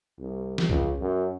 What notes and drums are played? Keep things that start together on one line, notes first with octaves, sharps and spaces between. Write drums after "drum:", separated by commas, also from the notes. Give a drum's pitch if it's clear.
C2
drum: snare
C#2, drum: kick C2
F#2